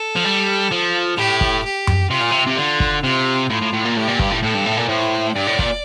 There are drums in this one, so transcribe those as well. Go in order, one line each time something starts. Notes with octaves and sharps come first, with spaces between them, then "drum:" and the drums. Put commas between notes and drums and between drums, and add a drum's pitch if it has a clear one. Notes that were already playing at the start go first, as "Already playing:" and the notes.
Already playing: A4
F3
G3
F3
A2 G4
drum: kick
G4
drum: tom F#2
C3 F4
A#2
C3
C3
D3 F4
drum: kick
C3 F4
A2 F4
A2
A2
A#2
A2 G4
A#2
G2, drum: kick
A2
A2 A4
G2
A2
A#2
A2 C5
G2 D5
A2
A#2, drum: kick